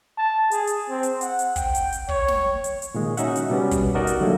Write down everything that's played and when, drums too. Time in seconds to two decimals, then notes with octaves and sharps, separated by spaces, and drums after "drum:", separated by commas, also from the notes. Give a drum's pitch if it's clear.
0.17 A5
0.51 G#4, drum: hi-hat
0.67 drum: hi-hat
0.90 C4
1.03 drum: hi-hat
1.21 F#5, drum: hi-hat
1.39 drum: hi-hat
1.56 G5, drum: kick, hi-hat
1.75 drum: hi-hat
1.92 drum: hi-hat
2.09 C#5, drum: kick
2.28 drum: snare
2.64 drum: hi-hat
2.82 drum: hi-hat
2.94 A#2 D#3 G#3
3.17 C#4 D#4 F#4 E5 F#5, drum: hi-hat
3.36 drum: hi-hat
3.50 B2 G3 B3 C#4
3.71 drum: kick, hi-hat
3.95 D#4 F#4 A#4 D5 D#5
4.07 drum: hi-hat
4.20 D3 F#3 G3 A3 A#3